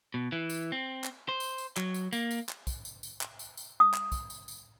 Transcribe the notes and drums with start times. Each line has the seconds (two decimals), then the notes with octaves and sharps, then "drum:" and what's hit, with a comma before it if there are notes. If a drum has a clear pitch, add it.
0.14 B2
0.32 E3
0.50 drum: tambourine
0.72 C4
1.04 drum: clap
1.29 C5
1.40 drum: tambourine
1.58 drum: tambourine
1.77 F#3, drum: clap
1.94 drum: tambourine
2.13 A#3, drum: tambourine
2.31 drum: tambourine
2.49 drum: clap
2.67 drum: kick, tambourine
2.85 drum: tambourine
3.03 drum: tambourine
3.21 drum: clap
3.39 drum: tambourine
3.57 drum: tambourine
3.80 D#6
3.94 drum: clap
4.12 drum: kick, tambourine
4.30 drum: tambourine
4.48 drum: tambourine